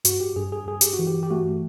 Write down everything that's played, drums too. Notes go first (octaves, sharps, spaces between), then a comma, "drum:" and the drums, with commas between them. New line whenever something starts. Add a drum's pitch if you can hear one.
G2 F#4, drum: hi-hat
G4
G2 G#4
G#4
G2 G#4
G4, drum: hi-hat
F#4
E3
G4
G4
A3 F#4